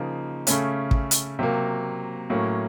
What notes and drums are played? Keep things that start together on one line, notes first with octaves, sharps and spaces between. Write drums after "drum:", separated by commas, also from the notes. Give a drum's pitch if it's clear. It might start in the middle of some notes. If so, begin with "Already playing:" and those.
Already playing: C#3 F3 A#3 D#4
C#3 A3 C#4, drum: hi-hat
drum: kick
drum: hi-hat
C3 F#3 A#3
A2 F#3 A#3 C#4